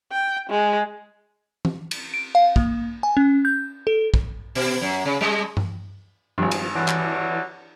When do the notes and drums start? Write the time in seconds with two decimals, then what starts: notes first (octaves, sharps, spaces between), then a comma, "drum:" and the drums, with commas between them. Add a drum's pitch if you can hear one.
0.12 G5
0.50 G#3
1.65 drum: tom
1.91 drum: cymbal
2.14 D7
2.35 F5
2.56 A#3, drum: kick
3.03 G#5
3.17 C#4
3.45 G6
3.87 A4
4.14 drum: kick
4.55 B2, drum: open hi-hat
4.81 F#2
5.05 C#3
5.21 G3 G#3 D#5
5.57 drum: tom G2
6.38 G#1 G2 F3
6.51 drum: cymbal
6.75 D3 E3 F#3 G3
6.88 drum: clap